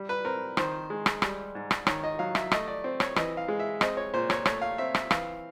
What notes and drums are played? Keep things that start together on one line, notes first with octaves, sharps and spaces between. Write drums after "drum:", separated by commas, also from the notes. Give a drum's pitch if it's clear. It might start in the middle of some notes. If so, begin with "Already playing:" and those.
Already playing: G3
B4
C4 A#4
D#3 C5, drum: rim click
G#3
drum: rim click
G3, drum: rim click
G#2
drum: rim click
D#3 C#5, drum: rim click
D#5
F#3 F5
E5, drum: rim click
A3 D#5, drum: rim click
D5
C4
C#5, drum: rim click
E3 D#5, drum: rim click
F5
G#3
E5
C4 D#5, drum: rim click
C#5
A#2 C5
C#5, drum: rim click
A3 C#5, drum: rim click
F5
C4 E5
E5, drum: rim click
E3 F5, drum: rim click